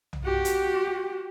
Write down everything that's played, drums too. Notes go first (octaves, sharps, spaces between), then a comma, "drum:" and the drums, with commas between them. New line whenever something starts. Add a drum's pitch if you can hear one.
drum: tom
F#4 G4
drum: hi-hat